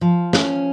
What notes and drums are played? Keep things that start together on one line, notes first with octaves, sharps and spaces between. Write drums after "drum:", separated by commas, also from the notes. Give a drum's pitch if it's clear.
F3
C#4, drum: snare